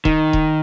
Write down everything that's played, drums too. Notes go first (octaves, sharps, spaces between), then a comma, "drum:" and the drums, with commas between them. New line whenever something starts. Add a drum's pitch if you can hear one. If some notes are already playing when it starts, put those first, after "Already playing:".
D#3, drum: kick D#1
drum: kick D#1